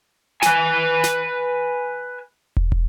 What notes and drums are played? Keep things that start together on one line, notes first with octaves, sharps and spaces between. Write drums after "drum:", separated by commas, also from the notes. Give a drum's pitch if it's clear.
B4 G#5, drum: snare
drum: snare
drum: kick
drum: kick